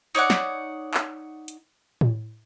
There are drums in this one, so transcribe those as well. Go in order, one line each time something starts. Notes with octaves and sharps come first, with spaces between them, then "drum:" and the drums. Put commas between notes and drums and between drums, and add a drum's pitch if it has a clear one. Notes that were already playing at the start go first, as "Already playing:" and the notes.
D#4 C#5 D5 F#5
drum: snare
drum: clap
drum: hi-hat
drum: tom A2